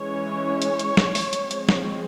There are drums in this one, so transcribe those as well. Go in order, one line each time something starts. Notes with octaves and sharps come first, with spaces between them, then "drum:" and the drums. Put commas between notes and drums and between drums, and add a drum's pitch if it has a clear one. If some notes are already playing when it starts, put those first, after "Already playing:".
Already playing: E3 G#3 C#4 C#5
drum: hi-hat
drum: hi-hat
drum: snare
drum: open hi-hat
F3 G#3 C4, drum: hi-hat
drum: hi-hat
drum: snare